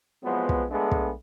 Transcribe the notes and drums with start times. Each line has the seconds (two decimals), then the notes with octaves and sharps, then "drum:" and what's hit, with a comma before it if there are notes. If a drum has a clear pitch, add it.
0.23 C2 F3 F#3 G#3 B3
0.49 drum: kick
0.70 D3 G#3 A3 B3 D4 G#4
0.92 drum: kick